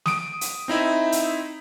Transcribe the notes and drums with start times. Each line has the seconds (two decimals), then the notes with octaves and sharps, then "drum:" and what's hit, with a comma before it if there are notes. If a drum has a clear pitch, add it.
0.06 D#6 D7, drum: snare
0.41 drum: hi-hat
0.68 C4 D#4 E4 E5
1.12 drum: hi-hat